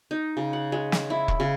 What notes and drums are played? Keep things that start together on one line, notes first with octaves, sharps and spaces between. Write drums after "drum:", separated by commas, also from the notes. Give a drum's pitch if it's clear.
D#4
C#3
F#5
G#3
drum: snare
E4
drum: kick E1
C#3